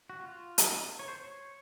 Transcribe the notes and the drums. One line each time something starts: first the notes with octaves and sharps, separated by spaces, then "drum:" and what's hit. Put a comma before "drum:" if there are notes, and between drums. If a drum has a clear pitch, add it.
F#4
F4
drum: hi-hat
C#5
C5
C#5